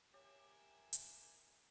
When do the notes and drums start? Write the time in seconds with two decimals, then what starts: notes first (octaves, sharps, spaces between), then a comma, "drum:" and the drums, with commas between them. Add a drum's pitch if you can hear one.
0.14 G4 A#4 C#5 E5 G#5
0.93 drum: hi-hat